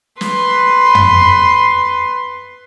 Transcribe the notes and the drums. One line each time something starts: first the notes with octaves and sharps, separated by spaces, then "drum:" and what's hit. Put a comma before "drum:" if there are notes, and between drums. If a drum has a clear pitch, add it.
B4 C6, drum: snare
drum: tom